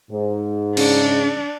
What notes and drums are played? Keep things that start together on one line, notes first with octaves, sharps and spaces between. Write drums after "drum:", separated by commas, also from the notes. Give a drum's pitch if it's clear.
G#2
C#3 D4, drum: cymbal